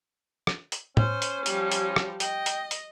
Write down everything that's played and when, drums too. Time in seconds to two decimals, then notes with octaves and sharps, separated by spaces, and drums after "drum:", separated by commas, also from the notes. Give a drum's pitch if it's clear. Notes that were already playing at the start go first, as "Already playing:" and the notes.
0.47 drum: rim click
0.72 drum: hi-hat
0.97 C#4 C5, drum: tom A2
1.22 drum: hi-hat
1.46 F3 G3, drum: hi-hat
1.72 drum: hi-hat
1.96 drum: rim click
2.20 D#5 G5, drum: hi-hat
2.46 drum: hi-hat
2.71 drum: hi-hat